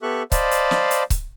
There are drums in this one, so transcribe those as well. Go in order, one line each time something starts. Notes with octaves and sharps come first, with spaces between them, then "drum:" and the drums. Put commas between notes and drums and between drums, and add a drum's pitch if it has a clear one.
B3 G4 A4 E5 C#6 F#6
C5 D5 D#5 F5 A5 B5, drum: kick C#1, hi-hat
drum: hi-hat
drum: snare
drum: hi-hat
drum: kick C#1, hi-hat